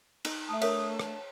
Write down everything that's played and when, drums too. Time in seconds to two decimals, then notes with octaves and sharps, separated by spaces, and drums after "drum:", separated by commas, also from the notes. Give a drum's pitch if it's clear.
0.25 D#4 D#5, drum: cymbal
0.49 A3 E5 A5 D#6
0.62 D4 A#4 C#5 E5 D#6, drum: cymbal
0.99 A5, drum: rim click